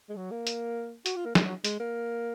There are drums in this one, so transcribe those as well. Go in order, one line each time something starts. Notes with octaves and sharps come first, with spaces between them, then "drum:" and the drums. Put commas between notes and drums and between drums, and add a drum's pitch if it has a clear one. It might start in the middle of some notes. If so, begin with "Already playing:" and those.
G#3
F#3
A#3
drum: hi-hat
F#4, drum: hi-hat
F4
A#3
G#3, drum: snare
F#3
G#3, drum: hi-hat
A#3